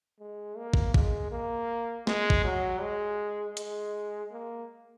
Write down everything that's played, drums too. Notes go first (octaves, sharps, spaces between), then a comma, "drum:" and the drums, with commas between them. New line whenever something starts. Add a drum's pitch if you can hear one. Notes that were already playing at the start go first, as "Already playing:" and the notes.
G#3
A#3
drum: kick
G#3, drum: kick
A#3
G#3, drum: snare
drum: kick
F#3
G#3
G#3, drum: hi-hat
A#3